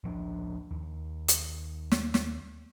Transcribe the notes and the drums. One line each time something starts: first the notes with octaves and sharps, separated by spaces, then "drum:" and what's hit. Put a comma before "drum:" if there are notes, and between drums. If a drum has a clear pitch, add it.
D1 F3 C#4 D4
D#2
drum: hi-hat
drum: snare
drum: snare